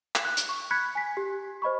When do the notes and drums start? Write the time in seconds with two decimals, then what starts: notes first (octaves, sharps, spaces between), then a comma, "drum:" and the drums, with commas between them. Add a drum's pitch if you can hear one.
0.15 drum: clap
0.25 F#6
0.37 drum: hi-hat
0.49 C#6
0.71 B5 F#6 G#6 B6 C#7
0.95 G#5 B6
1.17 G4
1.62 C5 D#5 B5 C#6